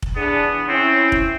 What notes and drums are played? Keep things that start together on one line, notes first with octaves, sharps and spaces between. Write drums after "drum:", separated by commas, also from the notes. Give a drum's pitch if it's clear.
drum: kick
E2 B3 D4 G#4
C4 C#4 E4
drum: kick